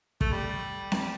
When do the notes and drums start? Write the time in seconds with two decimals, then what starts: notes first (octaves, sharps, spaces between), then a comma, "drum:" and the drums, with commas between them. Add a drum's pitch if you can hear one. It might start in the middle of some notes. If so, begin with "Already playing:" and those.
0.21 A3, drum: kick
0.32 G3
0.92 drum: snare C4